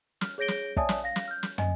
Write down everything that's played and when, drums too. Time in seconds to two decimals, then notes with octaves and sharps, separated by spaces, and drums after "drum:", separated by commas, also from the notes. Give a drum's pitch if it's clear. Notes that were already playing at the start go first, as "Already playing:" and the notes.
0.21 F6, drum: snare
0.38 G#4 C#5 G6 A#6 D7 G7
0.48 drum: snare
0.77 C#5 D5 E5 G#5 A5 D#6, drum: kick
0.89 drum: snare
1.04 F5 A#6
1.16 drum: snare
1.28 F6 G6
1.43 drum: snare
1.58 D#5 G#5, drum: tom